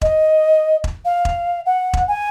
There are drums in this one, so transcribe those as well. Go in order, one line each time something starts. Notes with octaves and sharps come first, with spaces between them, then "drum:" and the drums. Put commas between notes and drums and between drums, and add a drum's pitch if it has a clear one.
D#5, drum: kick E1
drum: kick E1
F5
drum: kick E1
F#5
drum: kick E1
G#5